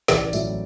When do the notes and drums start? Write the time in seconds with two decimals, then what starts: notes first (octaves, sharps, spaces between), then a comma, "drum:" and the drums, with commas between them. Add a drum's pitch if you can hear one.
0.08 A1 D5, drum: snare
0.33 A2 F#3 A3 E5, drum: tambourine